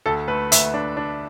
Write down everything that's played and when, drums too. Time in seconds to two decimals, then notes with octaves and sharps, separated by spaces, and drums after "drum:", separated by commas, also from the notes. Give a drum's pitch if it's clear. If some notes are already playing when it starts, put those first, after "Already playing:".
0.06 D2 A4
0.28 A3 B4
0.52 D2 E5, drum: hi-hat
0.74 D4
0.97 D4